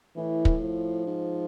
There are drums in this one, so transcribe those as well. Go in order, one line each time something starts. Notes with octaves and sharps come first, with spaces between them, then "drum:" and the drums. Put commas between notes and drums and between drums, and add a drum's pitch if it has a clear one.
A2 E3
drum: kick
F3
G#2